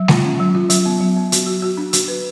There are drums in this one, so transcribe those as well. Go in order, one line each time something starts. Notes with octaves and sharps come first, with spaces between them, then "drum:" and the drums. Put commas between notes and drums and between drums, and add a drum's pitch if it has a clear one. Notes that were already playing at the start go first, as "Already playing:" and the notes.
Already playing: F#3
F4, drum: snare
C#4
F#3
F4
F#3, drum: hi-hat
B3
F#3
B3
F#4, drum: hi-hat
F#4
F#4
D4
F#4, drum: hi-hat
B4